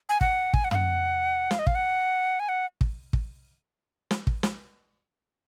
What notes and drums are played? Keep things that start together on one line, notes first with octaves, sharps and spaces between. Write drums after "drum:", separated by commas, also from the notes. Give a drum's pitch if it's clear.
G#5
F#5, drum: kick
G#5, drum: kick
F#5
F5, drum: tom
F#5
F5, drum: snare
D#5
F5, drum: kick
F#5
G#5
F#5
drum: kick
drum: kick
drum: snare
drum: kick
drum: snare